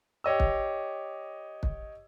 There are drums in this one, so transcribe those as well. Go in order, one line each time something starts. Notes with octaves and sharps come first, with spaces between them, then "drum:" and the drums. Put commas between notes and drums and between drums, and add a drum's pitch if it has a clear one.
G4 C#5 D#5 E6
drum: kick
drum: kick